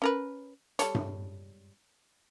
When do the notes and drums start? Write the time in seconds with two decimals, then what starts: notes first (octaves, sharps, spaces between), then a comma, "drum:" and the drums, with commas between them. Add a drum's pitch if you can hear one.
0.02 C#4 A#4 B4
0.79 G3 A4 C#5, drum: hi-hat
0.95 drum: tom G2